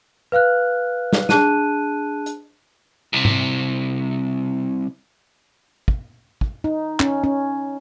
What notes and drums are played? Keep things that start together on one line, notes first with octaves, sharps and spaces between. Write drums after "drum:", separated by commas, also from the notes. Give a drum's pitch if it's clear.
B4 F5 F6 F#6
drum: snare
D4 G#4 A5 F#6 D#7, drum: snare
drum: hi-hat
C2 C3
drum: tom G#2
drum: kick
drum: kick
D#4
C#4, drum: clap
C#4